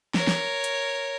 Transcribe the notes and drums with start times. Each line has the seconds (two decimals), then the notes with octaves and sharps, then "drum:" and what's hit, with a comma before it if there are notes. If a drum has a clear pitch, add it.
0.14 A#4 C#5, drum: snare
0.27 drum: snare
0.64 drum: hi-hat